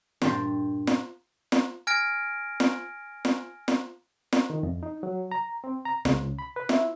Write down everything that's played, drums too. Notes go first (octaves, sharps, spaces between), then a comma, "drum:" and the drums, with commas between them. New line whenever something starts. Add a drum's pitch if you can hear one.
G2 A#2 D4 G4 C5, drum: snare
drum: snare
drum: snare
G#5 F6 G#6 A#6 D7
drum: snare
drum: snare
drum: snare
drum: snare
D#3
F2
D#4
F#3
A#5
C4
A#5
C#2, drum: snare
B5
B4
E4, drum: snare